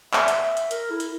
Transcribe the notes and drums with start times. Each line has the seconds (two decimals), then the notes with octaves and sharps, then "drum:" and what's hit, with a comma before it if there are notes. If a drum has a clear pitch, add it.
0.13 E5, drum: clap
0.28 drum: hi-hat
0.57 drum: hi-hat
0.71 A#4, drum: hi-hat
0.90 E4
1.00 drum: hi-hat